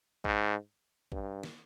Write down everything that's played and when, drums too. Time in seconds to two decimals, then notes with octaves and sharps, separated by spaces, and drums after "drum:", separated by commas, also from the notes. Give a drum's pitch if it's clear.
0.25 G#2, drum: kick A1
1.12 G2, drum: kick A1
1.43 drum: snare